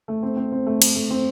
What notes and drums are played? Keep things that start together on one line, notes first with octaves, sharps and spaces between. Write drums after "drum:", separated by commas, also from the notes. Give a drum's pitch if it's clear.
A3
C4
C4
C4
A3
A3, drum: cymbal
A3
C4